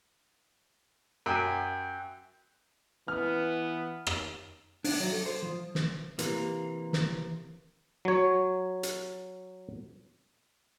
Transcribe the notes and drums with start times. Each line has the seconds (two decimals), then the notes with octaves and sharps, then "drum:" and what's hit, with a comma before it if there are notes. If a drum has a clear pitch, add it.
1.26 F#2 E5 G5 G#5
3.08 E3 B3 F6
4.07 drum: rim click
4.84 D4, drum: open hi-hat
5.00 F#3
5.12 A4
5.26 C5
5.42 F3
5.75 drum: snare
6.19 C3 E3 A#3, drum: hi-hat
6.93 drum: snare
8.05 F#3 C#5
8.83 drum: hi-hat